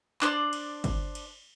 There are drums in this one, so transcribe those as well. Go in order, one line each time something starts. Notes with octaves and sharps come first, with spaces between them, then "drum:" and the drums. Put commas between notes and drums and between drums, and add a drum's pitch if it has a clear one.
D4 C5 D5, drum: clap
drum: cymbal
drum: kick, cymbal
drum: cymbal